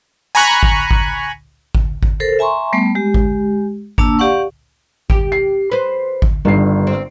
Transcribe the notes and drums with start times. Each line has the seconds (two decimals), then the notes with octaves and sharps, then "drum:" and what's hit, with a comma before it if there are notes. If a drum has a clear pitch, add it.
0.35 G#5 A#5 B5 C#6 F#6
0.63 drum: kick G#1
0.91 drum: kick G#1
1.75 drum: kick G#1
2.03 drum: kick G#1
2.20 A4 A#4 C5
2.39 E5 G#5 A#5 C6 C#6
2.73 G3 A3 B3
2.95 G#3 G4
3.14 drum: kick G#1
3.98 A#3 D4 A5 E6, drum: kick G#1
4.19 G4 D5 F5 F#5 C#6
5.10 G4, drum: kick G#1
5.32 C7
5.71 B4 C5
6.22 drum: kick G#1
6.45 G1 G2 D#3 C7
6.87 C4